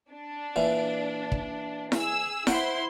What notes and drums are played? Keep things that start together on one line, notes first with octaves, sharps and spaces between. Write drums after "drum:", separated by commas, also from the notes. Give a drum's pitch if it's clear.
D4
A#2 E3
drum: kick
G#4 E6, drum: snare E4
E4 C5 F#5 G5 C6 C#6, drum: snare E4